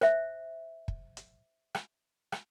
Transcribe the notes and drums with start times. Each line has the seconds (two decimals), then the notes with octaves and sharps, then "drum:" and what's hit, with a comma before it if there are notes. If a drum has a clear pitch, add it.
0.01 C5 E5, drum: rim click
0.88 drum: kick
1.17 drum: hi-hat
1.75 drum: rim click
2.32 drum: rim click